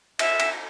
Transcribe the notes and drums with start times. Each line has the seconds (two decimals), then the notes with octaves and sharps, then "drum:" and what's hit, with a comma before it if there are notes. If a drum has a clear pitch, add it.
0.19 E5, drum: cymbal
0.40 drum: cymbal